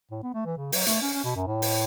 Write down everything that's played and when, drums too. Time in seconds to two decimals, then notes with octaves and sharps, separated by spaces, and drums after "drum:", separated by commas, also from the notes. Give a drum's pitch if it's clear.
0.11 A2
0.23 B3
0.34 A3
0.45 E3
0.57 C#3
0.72 F#3, drum: open hi-hat
0.86 A3, drum: hi-hat
1.02 C#4
1.13 C#4
1.24 B2
1.35 F#2
1.47 A2
1.62 drum: open hi-hat